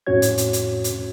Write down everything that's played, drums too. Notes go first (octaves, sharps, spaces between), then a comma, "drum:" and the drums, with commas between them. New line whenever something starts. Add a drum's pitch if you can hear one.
F2 A2 C#4 F#4 C#5 G#6
drum: hi-hat
drum: hi-hat
drum: hi-hat
drum: hi-hat